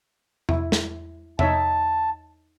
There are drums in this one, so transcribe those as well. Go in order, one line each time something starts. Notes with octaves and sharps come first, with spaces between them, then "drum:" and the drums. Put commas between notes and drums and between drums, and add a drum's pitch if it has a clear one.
E4, drum: tom E2
drum: snare
D#4 C#5 E5 A5, drum: tom E2